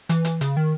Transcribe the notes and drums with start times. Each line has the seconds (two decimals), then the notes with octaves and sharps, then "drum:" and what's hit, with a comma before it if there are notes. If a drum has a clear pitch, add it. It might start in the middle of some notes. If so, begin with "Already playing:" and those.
0.09 E3, drum: hi-hat
0.25 drum: hi-hat
0.41 C#3, drum: hi-hat
0.57 D#3